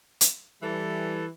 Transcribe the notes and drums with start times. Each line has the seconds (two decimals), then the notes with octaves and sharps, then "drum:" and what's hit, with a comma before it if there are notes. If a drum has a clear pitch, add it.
0.21 drum: hi-hat
0.62 E3 G3 A4